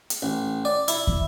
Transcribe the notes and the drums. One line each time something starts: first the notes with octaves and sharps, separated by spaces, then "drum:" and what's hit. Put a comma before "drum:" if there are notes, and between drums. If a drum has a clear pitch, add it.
drum: hi-hat
A1
D5
E4, drum: hi-hat
drum: kick